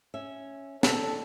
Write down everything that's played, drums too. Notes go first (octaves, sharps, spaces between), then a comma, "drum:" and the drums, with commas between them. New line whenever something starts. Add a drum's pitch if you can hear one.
C#4 E5
D#2 A#2 A4, drum: snare